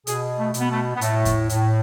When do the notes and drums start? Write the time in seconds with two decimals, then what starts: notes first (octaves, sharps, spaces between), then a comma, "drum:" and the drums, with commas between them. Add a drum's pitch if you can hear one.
0.07 B2 G#4, drum: hi-hat
0.39 A3
0.54 B2, drum: hi-hat
0.60 B3
0.70 A3
0.96 B3
1.01 A2 A3, drum: hi-hat
1.25 drum: kick E2, hi-hat
1.49 A2, drum: hi-hat